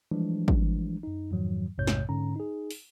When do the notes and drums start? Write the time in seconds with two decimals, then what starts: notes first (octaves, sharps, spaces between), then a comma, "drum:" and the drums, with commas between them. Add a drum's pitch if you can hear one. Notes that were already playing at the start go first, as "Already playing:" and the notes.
0.12 E3 F3 G3 G#3 D4
0.48 drum: kick
1.03 F#2 D#4
1.31 F2 G#2 D#3 F3 F#3
1.78 A#1 F2 G#2 C3 C#5 G6
1.87 drum: snare
2.09 G#2 D3 C#4 A#5
2.36 D#4 G#4
2.71 drum: open hi-hat